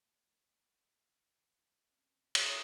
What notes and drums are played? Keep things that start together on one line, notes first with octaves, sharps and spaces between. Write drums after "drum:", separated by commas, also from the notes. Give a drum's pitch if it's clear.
A3 E5
C4 C#4 F4
drum: cymbal